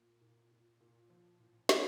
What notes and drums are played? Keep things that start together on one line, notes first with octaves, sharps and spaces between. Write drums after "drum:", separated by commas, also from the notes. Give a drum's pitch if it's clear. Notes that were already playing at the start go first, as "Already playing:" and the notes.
Already playing: A#2 A#3
A#2
A#2
A#2
F3
A1
F3, drum: snare